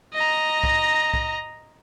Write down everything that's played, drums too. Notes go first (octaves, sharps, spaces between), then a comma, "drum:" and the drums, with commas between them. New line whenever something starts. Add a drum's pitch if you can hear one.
D#5 A#5
drum: kick B1
drum: kick B1